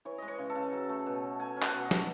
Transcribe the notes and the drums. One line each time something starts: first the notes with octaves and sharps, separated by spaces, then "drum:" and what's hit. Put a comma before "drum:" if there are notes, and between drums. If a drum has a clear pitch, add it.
E3 C#5
G#3 D#5
C#5
C#3
A4
C#3
F#3
A3
B2
C#4
A3 G#5
C#4
F#5, drum: clap
B2
D#5
B2, drum: snare